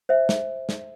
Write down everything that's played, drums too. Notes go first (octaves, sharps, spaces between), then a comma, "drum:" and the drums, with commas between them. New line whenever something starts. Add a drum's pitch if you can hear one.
C5 E5
drum: snare
drum: snare